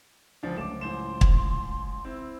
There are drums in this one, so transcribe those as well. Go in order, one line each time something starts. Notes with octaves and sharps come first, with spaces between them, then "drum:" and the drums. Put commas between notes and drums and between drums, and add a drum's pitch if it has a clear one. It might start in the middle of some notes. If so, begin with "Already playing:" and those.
C#2 F3 D4
C#2 F#3 A3 D6 E7
A1 C5 C6 E7
drum: kick
C4 E4